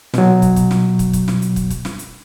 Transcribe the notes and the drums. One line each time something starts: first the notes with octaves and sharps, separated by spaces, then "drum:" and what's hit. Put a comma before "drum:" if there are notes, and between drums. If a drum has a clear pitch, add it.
B2 F#3, drum: snare
drum: kick, hi-hat
drum: kick, hi-hat
drum: snare
drum: kick, hi-hat
drum: kick, hi-hat
drum: snare
drum: hi-hat
drum: kick, hi-hat
drum: kick, hi-hat
drum: snare
drum: hi-hat